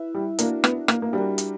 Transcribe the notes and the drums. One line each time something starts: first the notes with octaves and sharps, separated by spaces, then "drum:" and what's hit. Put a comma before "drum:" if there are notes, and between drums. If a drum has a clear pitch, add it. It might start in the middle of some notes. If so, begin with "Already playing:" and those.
Already playing: E4 B4 E5
G3
A#3 D4 F#4 A#4, drum: hi-hat
B3, drum: rim click
A#3, drum: rim click
A#3
G3 D4 F#4 A#4
drum: hi-hat